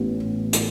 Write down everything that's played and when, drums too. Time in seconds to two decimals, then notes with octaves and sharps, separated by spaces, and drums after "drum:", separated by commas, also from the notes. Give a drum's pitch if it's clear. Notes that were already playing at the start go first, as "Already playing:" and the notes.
Already playing: A1 B3
0.53 drum: hi-hat